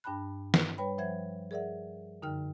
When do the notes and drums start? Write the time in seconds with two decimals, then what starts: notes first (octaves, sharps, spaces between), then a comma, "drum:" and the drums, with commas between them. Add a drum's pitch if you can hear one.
0.04 G2 D4 G5 A5 B5 F#6
0.54 drum: snare
0.78 G3 B4 C#5 G5 B5
0.98 F3 C5 E5 F#5 G#6
1.51 G#4 A#4 D5 E5 F#5
2.22 F#2 D3 D#4 A#4 G5 F6